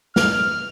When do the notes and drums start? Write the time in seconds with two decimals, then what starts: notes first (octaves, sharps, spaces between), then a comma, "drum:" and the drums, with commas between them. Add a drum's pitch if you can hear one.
0.16 F6, drum: snare